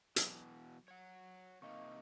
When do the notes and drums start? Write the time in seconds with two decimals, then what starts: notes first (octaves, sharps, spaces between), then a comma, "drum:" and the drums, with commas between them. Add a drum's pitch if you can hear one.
0.16 B2 E3 F#3, drum: hi-hat
0.88 C#5 F#5
1.62 C3 A#3 D#4 D#5 F5 C#6